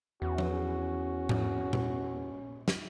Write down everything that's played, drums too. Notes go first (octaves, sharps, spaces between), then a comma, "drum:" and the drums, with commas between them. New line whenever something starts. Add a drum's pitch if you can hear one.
E2 C#4 F#4
drum: tom F3
drum: tom G#2
drum: tom A#2
drum: snare